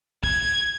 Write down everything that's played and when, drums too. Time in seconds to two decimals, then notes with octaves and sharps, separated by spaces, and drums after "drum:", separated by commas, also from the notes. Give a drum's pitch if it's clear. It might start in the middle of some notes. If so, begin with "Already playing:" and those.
0.24 G#6, drum: kick